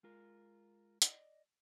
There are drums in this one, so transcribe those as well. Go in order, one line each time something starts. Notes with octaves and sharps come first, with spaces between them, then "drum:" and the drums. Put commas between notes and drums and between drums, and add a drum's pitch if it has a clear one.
G#3 F4 A#4
D5 D#5, drum: hi-hat